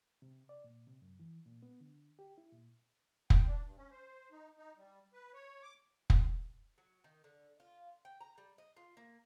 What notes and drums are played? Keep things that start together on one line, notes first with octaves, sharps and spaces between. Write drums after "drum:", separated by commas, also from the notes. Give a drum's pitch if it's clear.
C3
D5
A#2
C3
F#2
E3
A#2
B3
D3
G4
E4
A#2
G5, drum: kick
D4
G2
C#4
C5
D#4
D#4
G3
B4
C#5
D6
drum: kick
F#3
D#3
D3
F4
G5
A#5
G3
D#5
F4
A#3